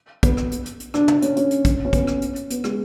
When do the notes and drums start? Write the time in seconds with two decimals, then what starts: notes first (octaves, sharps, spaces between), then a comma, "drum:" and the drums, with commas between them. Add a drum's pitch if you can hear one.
0.23 B3, drum: kick, hi-hat
0.37 drum: rim click
0.51 drum: hi-hat
0.66 drum: hi-hat
0.80 drum: hi-hat
0.94 D4, drum: rim click
1.08 D4, drum: tom
1.22 C#4, drum: hi-hat
1.36 C#4, drum: hi-hat
1.51 drum: hi-hat
1.65 drum: kick, hi-hat
1.85 C#4
1.93 B3, drum: kick, hi-hat
2.07 drum: rim click
2.22 drum: hi-hat
2.36 drum: hi-hat
2.50 B3, drum: hi-hat
2.64 G#3, drum: rim click